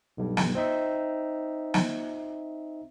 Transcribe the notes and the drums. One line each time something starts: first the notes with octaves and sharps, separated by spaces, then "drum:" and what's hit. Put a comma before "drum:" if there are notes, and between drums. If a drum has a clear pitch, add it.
B1 G2
drum: snare
C4 D#4 E5
drum: snare